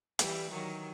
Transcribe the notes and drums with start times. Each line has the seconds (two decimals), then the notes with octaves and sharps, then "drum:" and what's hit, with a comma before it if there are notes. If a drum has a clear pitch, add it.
0.19 E3 G3, drum: hi-hat
0.51 D#3 F#3